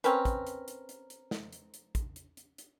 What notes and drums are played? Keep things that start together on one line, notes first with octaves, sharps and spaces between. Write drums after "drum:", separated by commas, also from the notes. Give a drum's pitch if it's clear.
C4 C#4 A#4 B4, drum: hi-hat
drum: kick, hi-hat
drum: hi-hat
drum: hi-hat
drum: hi-hat
drum: hi-hat
drum: snare
drum: hi-hat
drum: hi-hat
drum: kick, hi-hat
drum: hi-hat
drum: hi-hat
drum: hi-hat